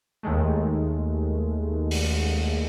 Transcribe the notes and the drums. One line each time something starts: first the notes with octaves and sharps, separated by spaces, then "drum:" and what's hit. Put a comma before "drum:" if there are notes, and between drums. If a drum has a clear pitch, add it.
D#2 D#3 G#3 A3
drum: open hi-hat